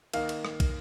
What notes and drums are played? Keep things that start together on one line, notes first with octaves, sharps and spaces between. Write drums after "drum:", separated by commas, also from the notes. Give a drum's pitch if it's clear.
D#3 A#3 D#4 F5, drum: cymbal
drum: cymbal
drum: rim click
drum: kick, cymbal